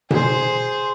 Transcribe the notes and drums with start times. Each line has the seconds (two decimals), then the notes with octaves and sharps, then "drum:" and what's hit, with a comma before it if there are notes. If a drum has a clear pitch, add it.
0.11 G#4 C5, drum: tom B2